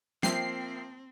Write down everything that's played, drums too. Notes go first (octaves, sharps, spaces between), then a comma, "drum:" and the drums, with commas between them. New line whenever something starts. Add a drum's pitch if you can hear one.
F3 A#3 C4 E5 G5 C7, drum: snare